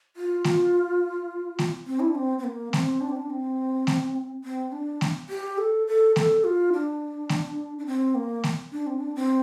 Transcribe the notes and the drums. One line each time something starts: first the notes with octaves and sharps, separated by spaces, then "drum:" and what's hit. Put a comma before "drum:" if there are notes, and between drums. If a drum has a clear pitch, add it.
F4
drum: snare A3
drum: snare A3
C4
E4
D4
C4
C4
A#3
C4, drum: snare A3
D4
C4
D4
C4
drum: snare A3
C4
D4
drum: snare A3
G4
A4
A4
A4, drum: snare A3
F4
D4
drum: snare A3
D4
C4
A#3
drum: snare A3
D4
C4
D4
C4